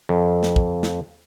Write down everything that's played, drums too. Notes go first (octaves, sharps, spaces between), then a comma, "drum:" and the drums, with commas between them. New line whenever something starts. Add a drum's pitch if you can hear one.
F2
drum: snare
drum: kick
drum: snare